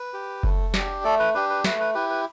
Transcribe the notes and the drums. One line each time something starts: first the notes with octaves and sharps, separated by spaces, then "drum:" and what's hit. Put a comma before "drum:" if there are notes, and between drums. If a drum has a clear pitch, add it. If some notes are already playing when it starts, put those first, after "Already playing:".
Already playing: B4
G4
A3, drum: kick F#1
D4 G4, drum: snare
A3 A4 D5
B4
D4 G4 B4
B4
A3 B4, drum: snare
B4
E4 G4 B4
B4